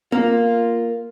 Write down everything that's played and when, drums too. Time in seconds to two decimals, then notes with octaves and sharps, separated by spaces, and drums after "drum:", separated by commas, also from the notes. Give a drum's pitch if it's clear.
0.12 A#3 F4, drum: tom B3